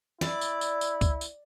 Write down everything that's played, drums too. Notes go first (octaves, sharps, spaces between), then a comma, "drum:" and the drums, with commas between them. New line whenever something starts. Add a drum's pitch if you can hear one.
E4 D5, drum: snare
drum: tambourine
drum: tambourine
drum: tambourine
drum: kick C#2, tambourine
drum: tambourine